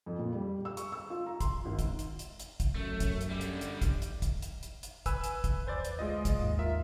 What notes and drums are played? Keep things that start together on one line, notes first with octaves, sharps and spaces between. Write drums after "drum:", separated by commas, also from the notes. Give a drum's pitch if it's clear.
F2
A#2
G3
E6
C#6, drum: hi-hat
E6
F4
A#5
C6, drum: kick, hi-hat
G#1
drum: kick, hi-hat
drum: hi-hat
drum: hi-hat
drum: hi-hat
drum: kick, hi-hat
F#2 A3
drum: kick, hi-hat
drum: hi-hat
D3 G3
drum: hi-hat
drum: hi-hat
drum: kick, hi-hat
drum: hi-hat
drum: kick, hi-hat
drum: hi-hat
drum: hi-hat
drum: hi-hat
B4 G#5 E6, drum: kick, hi-hat
drum: hi-hat
drum: kick, hi-hat
E2 B4 C5 D5 A6
drum: hi-hat
D2 G#3 F4 D#5
drum: kick, hi-hat
D#2 G#2
F4 A#4 E5